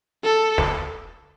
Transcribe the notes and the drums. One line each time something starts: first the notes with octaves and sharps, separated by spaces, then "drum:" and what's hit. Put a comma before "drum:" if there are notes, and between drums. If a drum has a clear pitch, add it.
A4
drum: snare